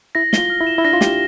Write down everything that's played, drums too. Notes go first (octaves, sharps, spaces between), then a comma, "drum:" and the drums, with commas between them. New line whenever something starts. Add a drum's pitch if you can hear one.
E4 A#6
F4 G7, drum: snare
F6
E4
E7
E4
D4 A#6
F4
G4 G7, drum: snare